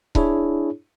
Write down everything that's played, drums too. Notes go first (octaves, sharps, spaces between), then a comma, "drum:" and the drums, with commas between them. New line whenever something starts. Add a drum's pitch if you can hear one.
D4 E4 G#4 C#5, drum: kick C#1